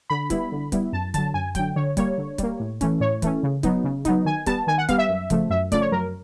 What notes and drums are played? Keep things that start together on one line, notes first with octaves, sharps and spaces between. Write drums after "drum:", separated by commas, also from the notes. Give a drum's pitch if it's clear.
D3 B5
G3 B3 E4, drum: kick C#1, hi-hat
D3
G3 B3 E4, drum: kick C#1, hi-hat
F#2 A5
D3 F#3 A5, drum: kick C#1, hi-hat
F#2 G#5
D3 F#3 G5, drum: kick C#1, hi-hat
D3 C#5
G3 A#3 C#5, drum: kick C#1, hi-hat
D3
G3 A#3, drum: kick C#1, hi-hat
A2
E3 A3 C#4, drum: kick C#1, hi-hat
A2 C#5
E3 A3 C#4, drum: kick C#1, hi-hat
C#3
F#3 B3 D#4, drum: kick C#1, hi-hat
C#3
F#3 B3 D#4, drum: kick C#1, hi-hat
D#3 G#5
G3 B3 A5, drum: kick C#1, hi-hat
D#3 G#5
F#5
G3 B3 F5, drum: kick C#1, hi-hat
E5
F#2
C#3 F3 A3, drum: kick C#1, hi-hat
F#2 E5
C#3 F3 A3 D5, drum: kick C#1, hi-hat
C#5
F#2 A#4